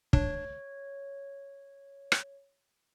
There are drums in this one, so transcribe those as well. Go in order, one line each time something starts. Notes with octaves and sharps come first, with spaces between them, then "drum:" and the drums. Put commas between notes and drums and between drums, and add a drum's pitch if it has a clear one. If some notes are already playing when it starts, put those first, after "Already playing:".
D4 C#5, drum: kick
drum: rim click